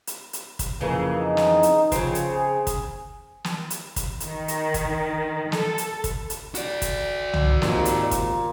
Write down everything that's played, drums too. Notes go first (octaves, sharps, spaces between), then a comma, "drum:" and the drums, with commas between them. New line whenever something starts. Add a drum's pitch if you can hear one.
drum: hi-hat
drum: hi-hat
drum: kick, hi-hat
F2 C#3 E3 A#3
D#4
drum: snare
drum: hi-hat
C#3 F3 C4, drum: kick, hi-hat
drum: hi-hat
G#4
drum: kick, hi-hat
drum: snare
drum: hi-hat
drum: kick, hi-hat
D#3, drum: hi-hat
drum: hi-hat
drum: kick, hi-hat
A4, drum: snare
drum: hi-hat
drum: kick, hi-hat
drum: hi-hat
F#4 D5, drum: hi-hat
drum: kick, hi-hat
drum: tom
G#1 D#2 A#2 D#3, drum: snare
drum: hi-hat
drum: kick, hi-hat